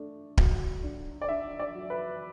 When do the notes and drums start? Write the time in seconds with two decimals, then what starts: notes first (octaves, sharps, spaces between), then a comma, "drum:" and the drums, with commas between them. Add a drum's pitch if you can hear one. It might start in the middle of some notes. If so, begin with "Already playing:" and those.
Already playing: A3 D4
0.38 F#3, drum: kick D1
0.83 D4
1.22 D5
1.28 D4 E5
1.59 D5
1.75 F#3
1.90 B4